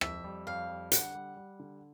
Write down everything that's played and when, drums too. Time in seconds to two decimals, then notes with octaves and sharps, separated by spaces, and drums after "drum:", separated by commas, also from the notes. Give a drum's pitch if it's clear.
0.01 F2 E5, drum: rim click
0.24 G3
0.47 F2 F5
0.69 G3
0.92 D3 F#5, drum: hi-hat
1.15 G3
1.37 G3
1.60 D3